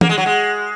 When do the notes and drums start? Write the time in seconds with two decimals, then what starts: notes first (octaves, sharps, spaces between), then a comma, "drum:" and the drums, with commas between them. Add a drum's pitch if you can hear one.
0.01 A#3, drum: tom
0.09 G#3
0.18 F#3
0.26 G#3